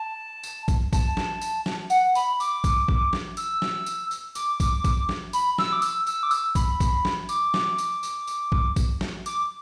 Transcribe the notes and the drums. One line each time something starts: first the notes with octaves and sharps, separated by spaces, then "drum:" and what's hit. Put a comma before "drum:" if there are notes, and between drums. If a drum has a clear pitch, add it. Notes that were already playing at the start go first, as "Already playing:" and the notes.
Already playing: A5
drum: tambourine
drum: kick, tambourine
A5, drum: kick, tambourine
drum: snare
drum: tambourine
drum: snare
F#5, drum: tambourine
B5, drum: tambourine
D6, drum: tambourine
drum: kick, tambourine
drum: kick
drum: snare
E6, drum: tambourine
drum: snare
drum: tambourine
drum: tambourine
D6, drum: tambourine
drum: kick, tambourine
drum: kick, tambourine
drum: snare
B5, drum: tambourine
E6, drum: snare
D6
E6, drum: tambourine
E6, drum: tambourine
D6
E6, drum: tambourine
B5, drum: kick, tambourine
drum: kick, tambourine
drum: snare
D6, drum: tambourine
drum: snare
drum: tambourine
drum: tambourine
drum: tambourine
drum: kick
drum: kick, tambourine
drum: snare
D6, drum: tambourine